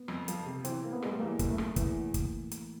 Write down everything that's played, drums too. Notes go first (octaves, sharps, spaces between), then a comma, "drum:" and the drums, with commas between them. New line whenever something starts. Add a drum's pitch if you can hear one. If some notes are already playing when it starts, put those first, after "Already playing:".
Already playing: B3
F2, drum: rim click
F3, drum: hi-hat
C3
E3 C4, drum: hi-hat
A#3
B3
G3 G#3, drum: rim click
A3
E2 A#3
F#1, drum: kick, hi-hat
A3
C#3, drum: rim click
E2 E3, drum: kick, hi-hat
drum: kick, hi-hat
drum: hi-hat